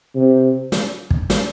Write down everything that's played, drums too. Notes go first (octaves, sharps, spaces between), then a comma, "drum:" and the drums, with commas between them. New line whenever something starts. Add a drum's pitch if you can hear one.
C3
drum: snare
drum: kick
drum: snare